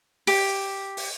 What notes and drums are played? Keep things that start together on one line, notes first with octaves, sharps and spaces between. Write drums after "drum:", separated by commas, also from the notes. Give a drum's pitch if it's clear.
G4, drum: open hi-hat
drum: open hi-hat